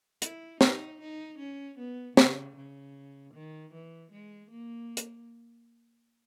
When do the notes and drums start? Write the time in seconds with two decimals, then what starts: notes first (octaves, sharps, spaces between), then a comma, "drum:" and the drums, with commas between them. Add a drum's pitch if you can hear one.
0.22 E4, drum: hi-hat
0.61 D#4, drum: snare
1.01 D#4
1.39 C#4
1.78 B3
2.17 C#3, drum: snare
2.56 C#3
3.34 D#3
3.74 E3
4.12 G#3
4.51 A#3
4.97 drum: hi-hat